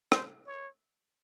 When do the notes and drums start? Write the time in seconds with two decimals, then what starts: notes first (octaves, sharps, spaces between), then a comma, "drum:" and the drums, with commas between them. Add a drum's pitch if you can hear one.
0.12 C5, drum: rim click
0.47 C#5